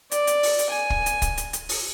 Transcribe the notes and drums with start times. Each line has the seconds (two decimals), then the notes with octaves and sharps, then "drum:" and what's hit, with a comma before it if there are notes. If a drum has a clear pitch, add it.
0.11 D5, drum: hi-hat
0.27 drum: hi-hat
0.43 drum: open hi-hat
0.59 drum: hi-hat
0.70 G#5
0.90 drum: kick
1.06 drum: hi-hat
1.22 drum: kick, hi-hat
1.37 drum: hi-hat
1.53 drum: hi-hat
1.69 drum: open hi-hat